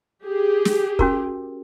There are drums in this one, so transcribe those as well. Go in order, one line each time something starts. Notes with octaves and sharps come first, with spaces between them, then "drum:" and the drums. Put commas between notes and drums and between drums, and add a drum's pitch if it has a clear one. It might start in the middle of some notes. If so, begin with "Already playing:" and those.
G4 G#4
drum: snare
C#4 F#4 A#4, drum: kick